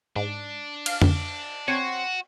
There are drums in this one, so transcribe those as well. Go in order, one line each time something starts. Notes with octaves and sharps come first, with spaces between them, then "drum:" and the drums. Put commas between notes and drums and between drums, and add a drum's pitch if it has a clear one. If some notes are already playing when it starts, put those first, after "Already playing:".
G#2 D4
F5, drum: cymbal
drum: tom F2
C4 F#4 C#5 G#5